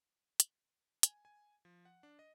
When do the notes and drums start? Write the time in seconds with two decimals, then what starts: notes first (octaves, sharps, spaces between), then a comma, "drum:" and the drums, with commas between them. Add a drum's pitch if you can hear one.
0.40 drum: hi-hat
1.03 G#5, drum: hi-hat
1.25 G#5
1.65 F3
1.85 F#5
2.03 D4
2.19 D#5